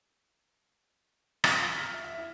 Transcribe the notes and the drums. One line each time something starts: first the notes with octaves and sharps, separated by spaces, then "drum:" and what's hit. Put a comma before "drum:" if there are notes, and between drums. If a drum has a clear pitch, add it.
F4, drum: rim click
B6
F6
E5
E5
E4